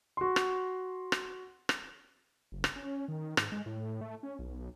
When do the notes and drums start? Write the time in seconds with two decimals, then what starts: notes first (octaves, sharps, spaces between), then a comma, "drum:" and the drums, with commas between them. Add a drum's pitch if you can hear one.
0.17 F#4 C6
0.36 drum: rim click
1.12 drum: rim click
1.69 drum: rim click
2.52 F#1
2.64 drum: rim click
2.76 C#4
3.08 D#3
3.37 G#2, drum: rim click
3.52 G#3
3.66 A2
4.01 A3
4.23 C#4
4.39 B1